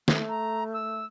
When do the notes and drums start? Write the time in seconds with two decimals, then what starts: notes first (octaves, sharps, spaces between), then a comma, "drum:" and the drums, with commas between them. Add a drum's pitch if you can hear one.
0.08 A3, drum: snare
0.29 A#5
0.73 E6